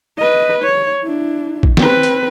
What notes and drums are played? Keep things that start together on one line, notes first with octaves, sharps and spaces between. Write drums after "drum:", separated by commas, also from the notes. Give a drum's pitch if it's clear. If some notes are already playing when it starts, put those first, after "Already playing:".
B4 D#5
C#5
D4 E4
drum: kick A1
C4 B4, drum: snare
drum: hi-hat